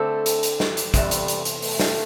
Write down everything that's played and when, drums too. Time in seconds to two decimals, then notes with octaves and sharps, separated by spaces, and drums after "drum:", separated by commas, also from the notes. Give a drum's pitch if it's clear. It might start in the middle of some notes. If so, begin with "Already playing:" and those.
Already playing: D3 A3 C4 A4
0.26 drum: hi-hat
0.43 drum: hi-hat
0.60 drum: snare
0.77 drum: hi-hat
0.94 E2 C3 G3 A4, drum: kick, hi-hat
1.11 drum: hi-hat
1.28 drum: hi-hat
1.45 drum: hi-hat
1.62 A3, drum: open hi-hat
1.80 drum: snare